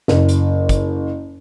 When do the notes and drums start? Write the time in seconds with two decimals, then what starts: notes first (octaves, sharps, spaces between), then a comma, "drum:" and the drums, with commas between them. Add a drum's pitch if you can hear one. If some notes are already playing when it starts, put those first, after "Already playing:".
0.08 F#1, drum: snare
0.29 drum: hi-hat
0.69 drum: kick, hi-hat